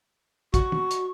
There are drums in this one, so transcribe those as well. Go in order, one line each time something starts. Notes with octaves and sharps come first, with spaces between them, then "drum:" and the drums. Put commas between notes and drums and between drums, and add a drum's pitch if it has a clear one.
F#4 C#6, drum: kick, hi-hat
drum: tom
drum: hi-hat